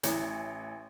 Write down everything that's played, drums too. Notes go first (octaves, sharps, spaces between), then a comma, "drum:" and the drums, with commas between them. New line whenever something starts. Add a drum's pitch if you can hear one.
A1 E3 C#5, drum: hi-hat